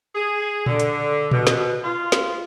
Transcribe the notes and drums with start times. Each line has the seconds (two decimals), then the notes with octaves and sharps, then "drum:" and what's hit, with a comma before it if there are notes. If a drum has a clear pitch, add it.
0.14 G#4
0.66 D3, drum: tom A#2
0.80 drum: hi-hat
1.31 B2, drum: tom A#2
1.47 drum: snare
1.83 F4
2.12 drum: snare